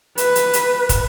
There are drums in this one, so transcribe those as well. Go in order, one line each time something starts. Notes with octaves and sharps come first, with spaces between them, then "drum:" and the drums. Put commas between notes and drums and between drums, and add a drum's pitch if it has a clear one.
B4, drum: hi-hat
drum: hi-hat
drum: hi-hat
drum: kick, hi-hat